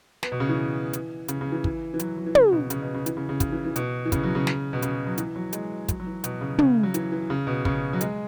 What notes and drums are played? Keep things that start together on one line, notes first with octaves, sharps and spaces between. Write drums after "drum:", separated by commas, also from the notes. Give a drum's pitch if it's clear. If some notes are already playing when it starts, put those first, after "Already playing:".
B3, drum: snare
B2
C#3
E3
drum: hi-hat
C#3, drum: hi-hat
C#3
E3
E3, drum: kick
E3
F#3, drum: hi-hat
F#3
E3
C#3, drum: tom
B2
C#3, drum: hi-hat
B2
C#3
E3, drum: hi-hat
C#3
C#3
C#3, drum: kick, hi-hat
E3
E3
B2, drum: hi-hat
E3
C#3, drum: kick, hi-hat
F#3
C#3
drum: snare
B2
C#3, drum: hi-hat
F#3
E3, drum: hi-hat
F#3
G#3, drum: hi-hat
F#3, drum: kick, hi-hat
F#3
E3
B2, drum: hi-hat
C#3
C#3, drum: tom
F#3
E3, drum: hi-hat
E3
C#3
B2
C#3, drum: kick
F#3
G#3, drum: hi-hat